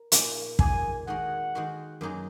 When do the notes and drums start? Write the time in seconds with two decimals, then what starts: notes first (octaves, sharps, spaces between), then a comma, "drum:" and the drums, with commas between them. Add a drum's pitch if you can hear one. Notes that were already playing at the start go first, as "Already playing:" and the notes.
Already playing: A#4
0.12 A#2 A#3 D#4 G#4, drum: hi-hat
0.59 A#2 A#3 D#4 G#4 G#5, drum: kick
1.07 D#3 G#3 F#4 A#4 F#5
1.55 D#3 G#3 F#4 A#4
2.01 F#2 F#3 A#3 D#4 G#4